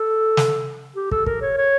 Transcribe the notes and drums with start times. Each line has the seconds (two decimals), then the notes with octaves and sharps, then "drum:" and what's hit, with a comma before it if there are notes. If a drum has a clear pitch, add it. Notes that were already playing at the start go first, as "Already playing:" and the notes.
Already playing: A4
0.37 drum: snare
0.96 G4
1.11 A4, drum: kick
1.26 A#4, drum: kick
1.42 C#5
1.57 C#5